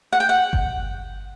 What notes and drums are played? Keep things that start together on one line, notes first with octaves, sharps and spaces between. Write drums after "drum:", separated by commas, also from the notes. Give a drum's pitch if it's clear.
F#5
G5
F#5
drum: kick G1